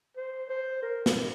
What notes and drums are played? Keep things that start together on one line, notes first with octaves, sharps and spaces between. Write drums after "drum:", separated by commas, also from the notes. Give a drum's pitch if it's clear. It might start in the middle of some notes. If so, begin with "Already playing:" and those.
C5
C5
A#4
drum: snare